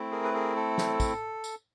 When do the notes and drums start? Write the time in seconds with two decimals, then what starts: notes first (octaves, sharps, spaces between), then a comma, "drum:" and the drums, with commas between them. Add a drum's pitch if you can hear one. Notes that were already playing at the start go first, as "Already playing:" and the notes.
Already playing: A3 C4 E4
0.11 G#4 A#4
0.24 B4
0.34 G#4 A#4
0.56 A4
0.78 drum: snare
1.00 drum: kick, tambourine
1.44 drum: tambourine